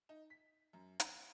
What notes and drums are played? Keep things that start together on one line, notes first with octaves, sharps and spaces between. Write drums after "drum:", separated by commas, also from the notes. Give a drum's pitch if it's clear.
D#4
B6
F#2
A#5, drum: hi-hat